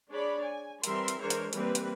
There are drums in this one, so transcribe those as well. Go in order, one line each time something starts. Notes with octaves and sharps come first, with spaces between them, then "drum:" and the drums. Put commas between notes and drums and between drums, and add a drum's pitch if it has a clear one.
D4 G#4 C#5 D5 B5
G#5
E3 G3 C4 A#4 E5 C6, drum: hi-hat
drum: hi-hat
E3 G#3 D4 A#4 C5 C#5
drum: hi-hat
E3 G3 A#3 C4 B4, drum: hi-hat
drum: hi-hat